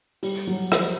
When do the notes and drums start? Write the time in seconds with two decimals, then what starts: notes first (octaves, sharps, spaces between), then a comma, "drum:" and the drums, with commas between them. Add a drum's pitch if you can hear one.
0.23 G3, drum: open hi-hat
0.47 F#3
0.72 F3, drum: rim click